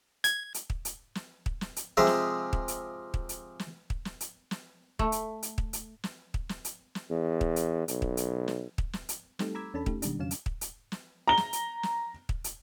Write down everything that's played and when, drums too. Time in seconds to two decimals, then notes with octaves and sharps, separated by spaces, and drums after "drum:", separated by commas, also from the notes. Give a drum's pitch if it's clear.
0.24 G#6, drum: hi-hat
0.54 drum: hi-hat
0.70 drum: kick
0.85 drum: hi-hat
1.15 drum: snare
1.46 drum: kick
1.61 drum: snare
1.76 drum: hi-hat
1.97 C3 F3 G#3 G#4 E5
2.07 drum: snare
2.53 drum: kick
2.68 drum: hi-hat
3.14 drum: kick
3.29 drum: hi-hat
3.59 drum: snare
3.90 drum: kick
4.05 drum: snare
4.21 drum: hi-hat
4.51 drum: snare
4.99 A3, drum: kick
5.12 drum: hi-hat
5.43 drum: hi-hat
5.58 drum: kick
5.73 drum: hi-hat
6.04 drum: snare
6.34 drum: kick
6.49 drum: snare
6.65 drum: hi-hat
6.95 drum: snare
7.10 E2
7.41 drum: kick
7.56 drum: hi-hat
7.88 B1, drum: hi-hat
8.02 drum: kick
8.17 drum: hi-hat
8.48 drum: snare
8.78 drum: kick
8.93 drum: snare
9.09 drum: hi-hat
9.39 G3 A3 C4 D#4 G4 A4, drum: snare
9.55 A#5 B5 D6 E6 G#6 B6
9.74 E2 C#4 D4 A4 A5 B5
9.86 A3 D#4 G4, drum: kick
10.02 B2 D#3 G3 G#3 D4, drum: hi-hat
10.19 F2 C#3 F#3 C#4 F5 E7
10.31 drum: hi-hat
10.46 drum: kick
10.61 drum: hi-hat
10.92 drum: snare
11.28 A#5 G7
11.37 drum: snare
11.53 drum: hi-hat
11.83 drum: snare
12.29 drum: kick
12.44 drum: hi-hat